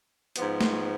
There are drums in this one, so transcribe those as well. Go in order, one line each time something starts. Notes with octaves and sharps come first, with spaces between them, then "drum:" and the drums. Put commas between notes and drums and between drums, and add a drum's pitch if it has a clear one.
G#2 F3 B3, drum: hi-hat
drum: snare